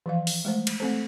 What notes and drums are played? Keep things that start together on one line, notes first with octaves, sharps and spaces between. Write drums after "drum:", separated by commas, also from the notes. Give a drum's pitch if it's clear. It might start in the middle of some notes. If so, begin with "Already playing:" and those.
E3 F3 F5
drum: open hi-hat
G#3 A3 C5
drum: cymbal
A3 C4 A4 C5